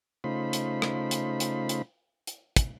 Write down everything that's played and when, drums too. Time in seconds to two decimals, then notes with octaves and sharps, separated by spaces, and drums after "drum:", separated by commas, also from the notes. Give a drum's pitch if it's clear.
0.24 C#3 A3 D#4 F4 C5 B5
0.53 drum: hi-hat
0.82 drum: rim click
1.11 drum: hi-hat
1.40 drum: hi-hat
1.69 drum: hi-hat
2.27 drum: hi-hat
2.56 drum: kick, hi-hat